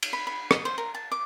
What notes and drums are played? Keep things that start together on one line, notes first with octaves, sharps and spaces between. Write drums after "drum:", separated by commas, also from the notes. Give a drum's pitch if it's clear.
drum: cymbal
B5
B5
D#5, drum: rim click
C5
A#4
A5
D6